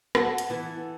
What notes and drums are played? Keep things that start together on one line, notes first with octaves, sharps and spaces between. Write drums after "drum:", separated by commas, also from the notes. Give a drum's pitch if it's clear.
D4 F#4 A4, drum: rim click
drum: hi-hat
E3 B3 E4